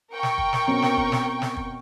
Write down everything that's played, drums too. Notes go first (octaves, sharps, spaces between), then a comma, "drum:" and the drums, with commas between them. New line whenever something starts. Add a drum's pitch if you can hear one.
A#4 G5 C#6
drum: snare
drum: kick
drum: snare
B2 C4 C#4
drum: snare
drum: kick
drum: snare
drum: snare
drum: kick